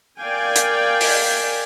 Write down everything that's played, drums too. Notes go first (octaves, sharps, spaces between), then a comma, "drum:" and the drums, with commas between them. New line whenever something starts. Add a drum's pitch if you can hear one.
A#4 D5 F5 G5 G#5
drum: hi-hat
drum: open hi-hat